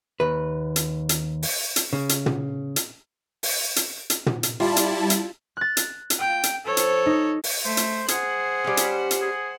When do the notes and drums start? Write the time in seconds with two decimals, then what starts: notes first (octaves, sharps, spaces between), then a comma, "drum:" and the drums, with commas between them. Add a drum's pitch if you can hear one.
0.20 D#2 B4
0.76 drum: hi-hat
1.09 drum: hi-hat
1.43 drum: open hi-hat
1.76 drum: hi-hat
1.93 C#3
2.09 drum: hi-hat
2.26 drum: tom
2.76 drum: hi-hat
3.43 drum: open hi-hat
3.76 drum: hi-hat
4.10 drum: hi-hat
4.26 drum: tom
4.43 drum: hi-hat
4.60 G3 E4 F4 A5
4.76 drum: hi-hat
5.10 drum: hi-hat
5.57 F#6 A6
5.77 drum: hi-hat
6.10 drum: hi-hat
6.20 A#3 F4 G5
6.43 drum: hi-hat
6.66 F3 C4 A4 B4 C#5
6.77 drum: hi-hat
7.06 B3 D#4
7.44 drum: open hi-hat
7.65 A3 C5
7.77 drum: hi-hat
8.08 G#4 C5 F#5, drum: hi-hat
8.64 G3 C#4
8.77 drum: hi-hat
9.11 drum: hi-hat
9.21 G#4